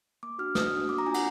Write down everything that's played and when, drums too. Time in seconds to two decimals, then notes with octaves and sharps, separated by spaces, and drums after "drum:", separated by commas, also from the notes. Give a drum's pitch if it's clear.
0.23 A#3 D6
0.39 D4 F#4 F6
0.55 A#3 D#6, drum: snare
0.73 D4 F#4
0.89 A#3 D6
0.98 A#5
1.06 D4 F4 G#5
1.14 F#5, drum: cymbal